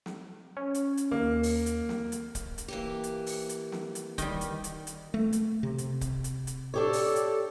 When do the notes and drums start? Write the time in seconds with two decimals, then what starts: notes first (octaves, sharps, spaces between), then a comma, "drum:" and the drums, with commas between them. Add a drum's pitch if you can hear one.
0.06 drum: snare
0.57 C#4
0.74 drum: hi-hat
0.97 drum: hi-hat
1.11 D#2 A#3
1.43 drum: open hi-hat
1.66 drum: hi-hat
1.89 drum: snare
2.12 drum: hi-hat
2.35 drum: kick C#1, hi-hat
2.58 drum: hi-hat
2.68 E3 A#3 G4
3.04 drum: hi-hat
3.26 drum: open hi-hat
3.49 drum: hi-hat
3.72 drum: snare
3.95 drum: hi-hat
4.18 D#3 G3, drum: kick C#1, hi-hat
4.41 drum: hi-hat
4.64 drum: hi-hat
4.87 drum: hi-hat
5.14 A3
5.33 drum: hi-hat
5.63 C3
5.78 drum: hi-hat
6.01 drum: kick C#1, hi-hat
6.24 drum: hi-hat
6.47 drum: hi-hat
6.74 D4 G4 A4 C#5
6.93 drum: open hi-hat
7.16 drum: hi-hat